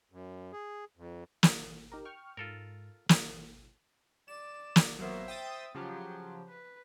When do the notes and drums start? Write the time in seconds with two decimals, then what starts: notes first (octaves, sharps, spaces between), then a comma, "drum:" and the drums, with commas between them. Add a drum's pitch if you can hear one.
0.12 F#2
0.53 G#4
0.97 F2
1.43 drum: snare
1.92 D#4 G4 A#4
2.05 G5 C#6 F6
2.37 G#2 F4 A4 A#4
3.09 drum: snare
4.28 D5 E7
4.76 drum: snare
4.99 F#3 A#3 B3 C5 E5
5.28 G5 D#6 A6
5.75 C#3 F3 F#3 G4
6.48 B4